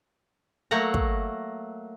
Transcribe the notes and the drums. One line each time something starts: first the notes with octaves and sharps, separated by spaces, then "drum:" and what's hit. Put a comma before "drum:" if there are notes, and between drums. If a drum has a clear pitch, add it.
F#3 A3 A#3 E5 F#5 A#5
drum: kick